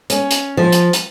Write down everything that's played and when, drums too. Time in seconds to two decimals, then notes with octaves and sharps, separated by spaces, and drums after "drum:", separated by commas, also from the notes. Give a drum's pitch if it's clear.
0.10 C#4, drum: hi-hat
0.31 drum: hi-hat
0.57 F3
0.72 drum: hi-hat
0.93 drum: hi-hat